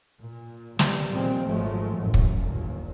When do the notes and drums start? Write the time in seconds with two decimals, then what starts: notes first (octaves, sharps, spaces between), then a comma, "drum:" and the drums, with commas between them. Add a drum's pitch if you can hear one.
0.18 A#2
0.79 G3, drum: snare
1.12 A#2 D#3 F3 G3 G#3 C4
1.47 G#1 F3 F#3 G#3 A3
1.97 A1 F#2
2.14 drum: kick
2.42 G1 D#2 A#2